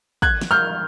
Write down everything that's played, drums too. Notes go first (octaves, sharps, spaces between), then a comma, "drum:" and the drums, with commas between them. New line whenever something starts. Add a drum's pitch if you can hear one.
F#6 G#6, drum: kick
drum: snare
F6 G6